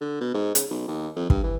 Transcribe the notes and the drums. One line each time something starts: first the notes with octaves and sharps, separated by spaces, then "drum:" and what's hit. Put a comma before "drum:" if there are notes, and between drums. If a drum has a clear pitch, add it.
D3
B2
G#2
C#3, drum: hi-hat
B1
D#2
F2
G2, drum: kick
E3